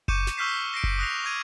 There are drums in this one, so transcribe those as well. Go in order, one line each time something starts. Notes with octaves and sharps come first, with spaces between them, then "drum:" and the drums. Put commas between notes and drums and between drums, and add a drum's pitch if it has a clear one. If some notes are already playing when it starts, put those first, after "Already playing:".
C#6 D6 G6 C#7 D#7 E7, drum: kick F#1
drum: snare
C#6 E6 F6 G6 B6 C7
A#6 C7 D7
drum: kick F#1
D#6 F#6 A#6 C7 F7
D6 E6 G#6 D#7